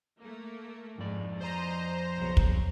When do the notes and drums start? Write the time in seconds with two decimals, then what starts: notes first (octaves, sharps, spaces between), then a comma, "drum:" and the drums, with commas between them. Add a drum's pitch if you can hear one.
0.19 A3 A#3
0.98 F2 G#2 D5
1.40 C5 D#5 A#5
2.16 B1 C#3 F#3
2.37 drum: kick